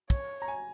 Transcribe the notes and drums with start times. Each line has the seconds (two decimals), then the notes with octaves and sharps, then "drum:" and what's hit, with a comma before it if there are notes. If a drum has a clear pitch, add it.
0.10 C#5, drum: kick
0.42 A#5
0.48 G#5